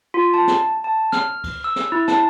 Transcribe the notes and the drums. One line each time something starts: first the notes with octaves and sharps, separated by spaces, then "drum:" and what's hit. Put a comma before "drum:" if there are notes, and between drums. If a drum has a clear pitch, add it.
F4
A5
drum: snare
A5
F6, drum: snare
drum: kick C#2, cymbal
E6
drum: snare
E4
A5, drum: snare